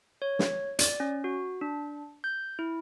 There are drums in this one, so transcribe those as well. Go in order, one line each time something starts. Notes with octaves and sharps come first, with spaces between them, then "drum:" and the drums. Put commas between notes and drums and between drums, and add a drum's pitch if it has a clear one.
C#5
drum: snare
D5, drum: hi-hat
C#4
F#4
D4
G6
E4